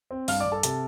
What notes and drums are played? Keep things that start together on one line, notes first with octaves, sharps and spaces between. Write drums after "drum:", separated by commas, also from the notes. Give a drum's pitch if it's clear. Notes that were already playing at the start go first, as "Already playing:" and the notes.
C4
G2 F5 F6, drum: open hi-hat
D5 D6
G2
A4 A5
C3 A4 A5, drum: hi-hat